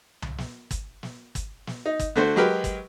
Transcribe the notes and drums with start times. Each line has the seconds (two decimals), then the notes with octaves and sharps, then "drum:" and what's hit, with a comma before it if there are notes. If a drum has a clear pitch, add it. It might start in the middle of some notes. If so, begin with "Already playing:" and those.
0.22 drum: tom C2
0.38 drum: snare
0.71 drum: kick, hi-hat
1.03 drum: snare
1.35 drum: kick, hi-hat
1.67 drum: snare
1.86 D#4
1.99 drum: kick, hi-hat
2.16 D3 A3 F#4 C5
2.36 F#3 G#3 G4 A#4 B4
2.64 drum: kick, hi-hat